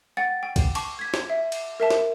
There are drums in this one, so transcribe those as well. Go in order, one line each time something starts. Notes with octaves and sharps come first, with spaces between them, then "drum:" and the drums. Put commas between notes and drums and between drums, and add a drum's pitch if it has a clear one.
F#5 G5 A6
G5
drum: kick B1, cymbal
A5 C#6 D6, drum: cymbal
G#6 B6
drum: snare
E5
drum: cymbal
A#4 E5 A5
drum: snare